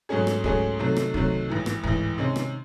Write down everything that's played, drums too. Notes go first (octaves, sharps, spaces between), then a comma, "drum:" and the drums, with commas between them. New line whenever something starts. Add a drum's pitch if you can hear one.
G#2 F#3 A3 C#4 G#4
drum: rim click
G#2 F#3 A3 C#4 G#4, drum: kick
C3 D#3 F#3 A3
drum: rim click
C3 D#3 F#3 A3, drum: kick
A1 G#2 E3
drum: rim click
A1 G#2 E3, drum: kick
C3 D#3 G#3 C#4
drum: rim click